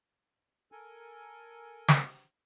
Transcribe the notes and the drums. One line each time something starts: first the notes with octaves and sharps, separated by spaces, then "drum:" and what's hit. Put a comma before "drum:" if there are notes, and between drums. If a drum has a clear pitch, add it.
A4 A#4 G#5
drum: snare